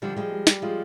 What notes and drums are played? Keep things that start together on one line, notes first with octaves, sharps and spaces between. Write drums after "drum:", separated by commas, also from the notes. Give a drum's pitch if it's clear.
D3 F3 G3
F3 G3 G#3
G3
G3, drum: snare
F3 G#3 F4